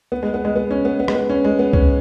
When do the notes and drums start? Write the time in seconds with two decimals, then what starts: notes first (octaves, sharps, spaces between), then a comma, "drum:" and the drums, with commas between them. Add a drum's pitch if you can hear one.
0.12 B3
0.23 G#3
0.34 B3
0.45 G#3
0.56 B3
0.71 C#4
0.85 B3
1.00 B3
1.08 G#3, drum: rim click
1.15 B3
1.30 C#4
1.45 G#3
1.59 B3
1.73 C#4, drum: kick C#2